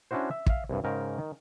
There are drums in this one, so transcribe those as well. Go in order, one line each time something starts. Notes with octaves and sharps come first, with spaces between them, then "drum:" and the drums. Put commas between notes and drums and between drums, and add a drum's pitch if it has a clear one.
C#4 D4 E4 F#4 C5
E5
E5 F5, drum: kick
C2 G2
G#2 C#3 A#4 G5
D#3